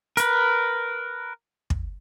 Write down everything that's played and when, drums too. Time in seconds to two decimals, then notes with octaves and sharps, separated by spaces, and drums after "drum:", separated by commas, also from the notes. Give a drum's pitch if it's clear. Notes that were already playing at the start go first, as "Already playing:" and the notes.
0.17 A#4 B4, drum: hi-hat
1.70 drum: kick